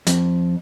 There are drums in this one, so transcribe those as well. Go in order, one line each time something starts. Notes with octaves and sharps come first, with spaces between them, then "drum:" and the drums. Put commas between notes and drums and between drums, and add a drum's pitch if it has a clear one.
F2, drum: hi-hat